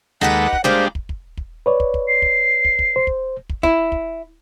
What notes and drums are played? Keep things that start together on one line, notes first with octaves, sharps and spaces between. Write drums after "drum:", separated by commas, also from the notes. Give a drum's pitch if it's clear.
D#2 G#3 D#4 G4 A4 B4 F#5
drum: kick
A#2 G3 G#3 A#3 D4 G4 C5
drum: kick
drum: kick
drum: kick
B4 C#5 D5
drum: kick
drum: kick
C7
drum: kick
drum: kick
drum: kick
C5
drum: kick
drum: kick
E4, drum: kick
drum: kick